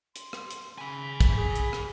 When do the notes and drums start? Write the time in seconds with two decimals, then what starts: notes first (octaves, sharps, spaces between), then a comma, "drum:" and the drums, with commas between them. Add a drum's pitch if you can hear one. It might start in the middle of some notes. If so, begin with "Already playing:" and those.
0.16 C6, drum: hi-hat
0.33 drum: rim click
0.51 drum: hi-hat
0.78 C#3 G#5 B5 B6
1.21 drum: kick, hi-hat
1.38 G#4
1.55 drum: hi-hat
1.73 drum: rim click